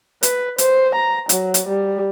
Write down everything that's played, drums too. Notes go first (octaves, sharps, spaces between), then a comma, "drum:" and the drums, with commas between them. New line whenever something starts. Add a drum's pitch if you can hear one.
B4, drum: hi-hat
C5, drum: hi-hat
A#5
F#3, drum: hi-hat
drum: hi-hat
G3